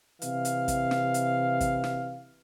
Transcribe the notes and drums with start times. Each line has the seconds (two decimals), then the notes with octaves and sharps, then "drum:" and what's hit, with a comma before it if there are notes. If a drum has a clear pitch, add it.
0.22 C3 E3 F5, drum: hi-hat
0.45 drum: hi-hat
0.68 drum: kick, hi-hat
0.91 drum: snare
1.14 drum: hi-hat
1.60 drum: kick, hi-hat
1.84 drum: snare